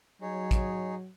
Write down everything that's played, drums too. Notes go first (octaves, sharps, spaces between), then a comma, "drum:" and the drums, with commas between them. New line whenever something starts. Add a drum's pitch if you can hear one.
F#3 D#4 G#4 C#5
drum: kick, hi-hat